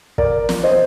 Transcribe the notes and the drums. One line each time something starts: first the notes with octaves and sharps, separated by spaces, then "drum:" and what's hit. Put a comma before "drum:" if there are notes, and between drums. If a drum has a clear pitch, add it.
A#4 D5, drum: kick
drum: snare
C5 D#5